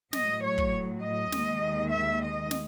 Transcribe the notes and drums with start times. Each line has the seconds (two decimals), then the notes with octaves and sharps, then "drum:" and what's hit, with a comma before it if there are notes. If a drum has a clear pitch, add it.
0.13 A2 F#3 D#5, drum: snare
0.43 C#5
0.58 drum: kick
1.02 D#5
1.32 D#2 D#3 G#3, drum: snare
1.91 E5
2.21 D#5
2.51 drum: snare